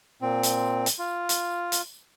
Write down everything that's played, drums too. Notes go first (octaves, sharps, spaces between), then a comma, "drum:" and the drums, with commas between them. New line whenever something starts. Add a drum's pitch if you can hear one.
A#2 C4
drum: hi-hat
drum: hi-hat
F4
drum: hi-hat
drum: hi-hat